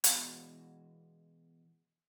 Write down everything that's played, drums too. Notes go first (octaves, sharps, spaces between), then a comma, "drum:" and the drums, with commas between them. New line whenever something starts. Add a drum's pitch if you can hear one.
B2 E3 G#3 F#4 B5, drum: hi-hat